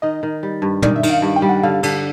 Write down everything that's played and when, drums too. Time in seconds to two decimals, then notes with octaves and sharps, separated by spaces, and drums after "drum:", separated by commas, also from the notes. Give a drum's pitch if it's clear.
0.02 D#3 D#5
0.23 D#3
0.43 G3
0.62 G2
0.82 D#3 D5, drum: tom
0.96 E5
1.03 D#3, drum: cymbal
1.10 F5
1.22 G2
1.36 G5
1.42 G3
1.49 F#5
1.63 D3 F5
1.83 D3, drum: cymbal